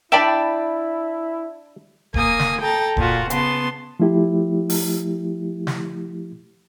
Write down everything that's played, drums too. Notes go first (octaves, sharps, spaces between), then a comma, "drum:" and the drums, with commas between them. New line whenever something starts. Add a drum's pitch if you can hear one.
D4 E4 D5 E5 G5 A5 B5
A#3 G#5 D#6, drum: kick
drum: snare
A4 G5 A#5 A6
A#2 F4 F#4, drum: kick
C#3 B3 A5 C6, drum: hi-hat
F3 A3 E4 G4
drum: open hi-hat
drum: snare